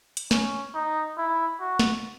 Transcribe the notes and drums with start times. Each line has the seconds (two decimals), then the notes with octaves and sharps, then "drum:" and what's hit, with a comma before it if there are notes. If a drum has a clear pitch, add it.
0.17 drum: hi-hat
0.31 C#4, drum: snare
0.74 D#4
1.18 E4
1.61 F#4
1.79 drum: snare